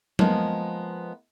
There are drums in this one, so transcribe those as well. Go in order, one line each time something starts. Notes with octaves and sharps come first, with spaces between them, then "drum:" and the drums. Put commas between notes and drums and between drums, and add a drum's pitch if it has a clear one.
F3 G#3 A#3 B3, drum: tom F#3